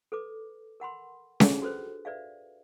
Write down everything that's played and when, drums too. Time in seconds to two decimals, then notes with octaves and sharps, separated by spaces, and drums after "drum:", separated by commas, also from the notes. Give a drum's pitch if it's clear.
0.12 A4 B4 D6
0.80 A#4 F#5 B5 C6
1.40 D4 F4 G#4 A4, drum: snare C#4
1.62 F#4 A4 B4 C5
2.05 B4 D5 E5 F5